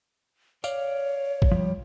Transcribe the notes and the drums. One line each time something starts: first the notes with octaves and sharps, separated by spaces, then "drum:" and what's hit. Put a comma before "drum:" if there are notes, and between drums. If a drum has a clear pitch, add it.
C#5 D5 F5, drum: tambourine
drum: kick
F3 G3